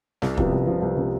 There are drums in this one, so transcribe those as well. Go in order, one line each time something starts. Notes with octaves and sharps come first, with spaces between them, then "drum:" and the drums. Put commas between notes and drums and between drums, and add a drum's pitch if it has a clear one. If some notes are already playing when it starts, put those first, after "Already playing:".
C2, drum: snare
C3 F3 B3, drum: kick
C2
C3 F3 B3
C2
C3 F3 B3